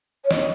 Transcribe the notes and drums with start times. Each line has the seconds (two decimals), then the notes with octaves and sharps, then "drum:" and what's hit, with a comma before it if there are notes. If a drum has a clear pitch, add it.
0.24 C#5
0.31 D#5, drum: snare